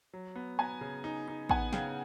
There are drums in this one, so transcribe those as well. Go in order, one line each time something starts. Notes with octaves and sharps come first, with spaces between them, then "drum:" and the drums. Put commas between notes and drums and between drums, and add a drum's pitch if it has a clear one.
F#3
B3
B3 G#5 A#5
C#3
D#4
D#4
B3 F#5 G#5, drum: kick A1
C#3 F5 G5, drum: snare